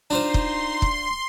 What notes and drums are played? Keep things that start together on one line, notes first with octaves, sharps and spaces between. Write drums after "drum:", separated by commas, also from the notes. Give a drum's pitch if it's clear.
D4 D#4 F4 C5 C6
drum: kick
drum: kick